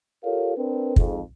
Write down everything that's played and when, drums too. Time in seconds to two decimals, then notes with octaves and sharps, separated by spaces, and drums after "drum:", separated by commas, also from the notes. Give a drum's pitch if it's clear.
0.24 F4 G4 A4 A#4 C#5 F5
0.56 C4 D4 A#4 B4
0.96 F2 G#2, drum: kick